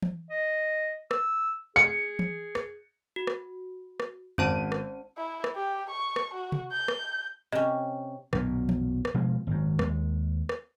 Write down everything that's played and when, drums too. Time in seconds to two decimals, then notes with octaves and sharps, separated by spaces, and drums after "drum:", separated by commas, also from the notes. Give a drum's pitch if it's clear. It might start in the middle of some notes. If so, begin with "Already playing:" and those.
0.02 drum: tom E3
0.31 D#5
1.11 E6, drum: rim click
1.76 G#4 C#7
2.19 drum: tom E3
2.55 drum: rim click
3.16 F#4
3.27 drum: rim click
4.00 drum: rim click
4.38 G#1 C#4 C5 A5 D#7, drum: tom F2
4.72 drum: rim click
5.17 E4
5.44 drum: rim click
5.56 G4
5.90 C#6
6.16 drum: rim click
6.34 F#4
6.52 drum: tom C3
6.72 G6
6.88 drum: rim click
7.52 C3 C#4 D#5
8.33 B1 F#2 A#2, drum: rim click
8.69 drum: tom E3
9.05 drum: rim click
9.14 B2 F3 G#3 A#3
9.47 G#1 F#2
9.79 D#2 G#3, drum: rim click
10.49 drum: rim click